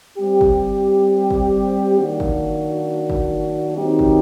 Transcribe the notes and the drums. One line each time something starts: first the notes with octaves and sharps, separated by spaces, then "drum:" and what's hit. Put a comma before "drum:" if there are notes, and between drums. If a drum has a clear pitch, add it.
G3 C4 G4
drum: kick
drum: kick
D#3 F#3 A#3 D4 F#4
drum: kick
drum: kick
D#3 F#3 C4 D#4 G4
drum: kick